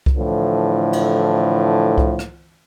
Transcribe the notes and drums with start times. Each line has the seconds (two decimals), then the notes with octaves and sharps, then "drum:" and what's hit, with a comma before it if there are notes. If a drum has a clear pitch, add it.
0.06 drum: kick C2
0.17 A2 D3 E3 F3
0.93 drum: cymbal
1.98 drum: kick C2
2.19 drum: rim click